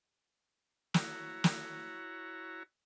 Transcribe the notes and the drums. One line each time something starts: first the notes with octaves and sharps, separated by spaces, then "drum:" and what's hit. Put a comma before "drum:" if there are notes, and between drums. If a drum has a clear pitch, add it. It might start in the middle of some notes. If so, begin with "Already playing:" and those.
E4 F#4 C#5 A#5, drum: snare
drum: snare